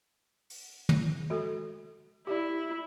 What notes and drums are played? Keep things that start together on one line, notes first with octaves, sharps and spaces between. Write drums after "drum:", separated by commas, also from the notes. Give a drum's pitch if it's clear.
drum: open hi-hat
drum: tom
G#3 F#4 A4
E4 G4 D5